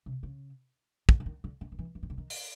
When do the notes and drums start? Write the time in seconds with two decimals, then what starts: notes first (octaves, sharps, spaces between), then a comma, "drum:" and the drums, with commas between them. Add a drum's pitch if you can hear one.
0.06 C3
0.23 C#3
1.09 D3, drum: kick
1.20 D3
1.26 D#3
1.44 D3
1.61 D#3
1.72 D#3
1.79 E3
1.95 E3
2.03 D#3
2.10 D3
2.18 D#3
2.30 drum: open hi-hat